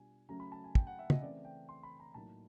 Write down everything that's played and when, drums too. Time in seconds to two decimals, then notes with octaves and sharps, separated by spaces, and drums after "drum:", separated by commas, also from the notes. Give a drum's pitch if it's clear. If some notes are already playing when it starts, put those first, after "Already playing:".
Already playing: B2 G3 B3 D4 F4 G#5
0.29 C#3 F#3 A3 C#4 A#5
0.40 B5
0.52 A5
0.64 G#5
0.75 G5, drum: kick
0.87 F#5
0.99 E5
1.10 D#5, drum: tom
1.22 C#3 E3 A3 C4 D5
1.45 G5
1.69 C6
1.83 B5
2.00 A#5
2.14 A2 F#3 A#3 D#4 A5